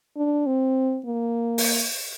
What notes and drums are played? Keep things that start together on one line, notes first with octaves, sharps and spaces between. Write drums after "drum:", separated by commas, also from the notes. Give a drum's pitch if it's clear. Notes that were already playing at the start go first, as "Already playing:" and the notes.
D4
C4
A#3
drum: open hi-hat